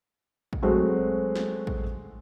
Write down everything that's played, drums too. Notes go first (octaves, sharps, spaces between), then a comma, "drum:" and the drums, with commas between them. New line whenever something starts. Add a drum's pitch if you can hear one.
drum: kick A1
F#3 G#3 A3 C4 F#4
drum: snare
drum: kick A1